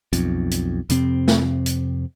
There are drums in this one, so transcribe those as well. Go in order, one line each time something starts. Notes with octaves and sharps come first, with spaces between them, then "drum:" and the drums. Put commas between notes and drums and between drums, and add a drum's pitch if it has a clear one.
B1 F2, drum: hi-hat
drum: hi-hat
F2 C3 C4, drum: hi-hat
drum: snare
drum: hi-hat